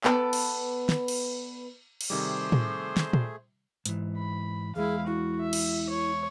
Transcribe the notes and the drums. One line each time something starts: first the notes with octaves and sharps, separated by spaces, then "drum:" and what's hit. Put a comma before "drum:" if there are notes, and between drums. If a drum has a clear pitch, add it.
B3 A4 B4 D5, drum: clap
drum: cymbal
drum: snare
drum: cymbal
drum: cymbal
C3 D#3 G3 A3 G#4 C5 D6
drum: tom A2
drum: snare
drum: tom A#2
G#2 E3, drum: hi-hat
B5
E2 G#3 E4 G#4 F5
E4 F#4
E5
drum: cymbal
C#5